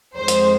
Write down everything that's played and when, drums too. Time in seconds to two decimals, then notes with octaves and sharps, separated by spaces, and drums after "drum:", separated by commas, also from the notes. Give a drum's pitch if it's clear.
0.16 F2 D#3 G#3 C5
0.28 drum: hi-hat